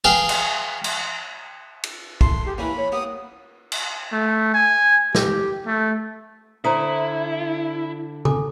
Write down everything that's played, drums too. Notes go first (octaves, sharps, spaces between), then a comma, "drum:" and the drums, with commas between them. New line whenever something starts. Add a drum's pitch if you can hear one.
G#4 B4 F5 G5 A5
drum: cymbal
drum: cymbal
drum: cymbal
E4 A4 E5 C6, drum: kick
G4 G#4
E3 A#3 C#4 E4 G#5 B5
C#5
A#3 B3 G4 D#6
drum: cymbal
A3
G#5
G4, drum: snare
A3
D3 E4 C5 A#5 D#6
A4 G#5 D6, drum: tom C#3